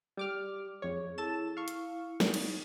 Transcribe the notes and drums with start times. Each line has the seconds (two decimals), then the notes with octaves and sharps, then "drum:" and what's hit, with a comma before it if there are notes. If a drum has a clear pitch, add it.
0.17 G3 D6 F6
0.82 F2 G#4 C#5
1.18 E4 A4 A5 E7
1.57 F5 C#6
1.68 drum: hi-hat
2.20 D#4, drum: snare
2.34 drum: cymbal